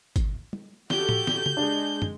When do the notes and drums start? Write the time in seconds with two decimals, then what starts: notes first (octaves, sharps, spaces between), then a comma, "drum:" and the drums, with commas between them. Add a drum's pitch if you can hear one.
0.16 drum: kick G#1, hi-hat
0.53 drum: tom G3
0.90 F#4 G4 A4 G6, drum: snare
1.09 drum: tom
1.27 drum: snare
1.46 drum: tom C#3
1.57 G#3 D4
2.02 drum: tom